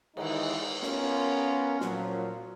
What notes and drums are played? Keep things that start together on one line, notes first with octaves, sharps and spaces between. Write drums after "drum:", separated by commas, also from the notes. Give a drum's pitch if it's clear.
D#3 E3 G#3 D#4, drum: cymbal
B3 C#4 F4 A#4, drum: snare
A#2 F3 F#3, drum: snare